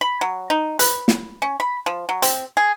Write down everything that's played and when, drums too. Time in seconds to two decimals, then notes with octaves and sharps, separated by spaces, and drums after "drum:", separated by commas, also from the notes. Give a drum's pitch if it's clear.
0.01 B5
0.21 F#3
0.50 D#4
0.79 B4, drum: hi-hat
1.08 drum: snare
1.42 C#4
1.60 B5
1.86 F3
2.09 F#3
2.22 C4, drum: hi-hat
2.57 G#4